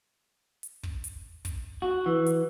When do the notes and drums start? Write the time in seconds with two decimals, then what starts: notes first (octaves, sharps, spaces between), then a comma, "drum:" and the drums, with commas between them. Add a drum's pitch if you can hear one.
0.63 drum: hi-hat
0.83 drum: kick
1.04 drum: hi-hat
1.45 drum: kick, hi-hat
1.82 F#4
2.06 E3
2.26 drum: hi-hat